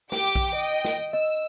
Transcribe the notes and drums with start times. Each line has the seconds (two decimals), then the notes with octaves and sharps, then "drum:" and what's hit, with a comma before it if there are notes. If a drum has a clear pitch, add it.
0.12 G4 G5 D6, drum: snare
0.35 drum: kick A#1
0.56 D#5 G5
0.85 drum: snare
1.13 D#5 E6